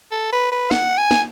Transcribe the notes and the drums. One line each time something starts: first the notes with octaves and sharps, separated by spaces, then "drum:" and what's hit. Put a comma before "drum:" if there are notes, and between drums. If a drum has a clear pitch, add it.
A4
B4
B4
F#5, drum: snare
G#5
drum: snare